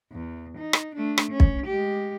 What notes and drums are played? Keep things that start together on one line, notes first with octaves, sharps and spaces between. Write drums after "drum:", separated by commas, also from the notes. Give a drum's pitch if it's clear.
E2
D#4
drum: rim click
A3 D4
drum: rim click
C#4
drum: kick
G#3 G4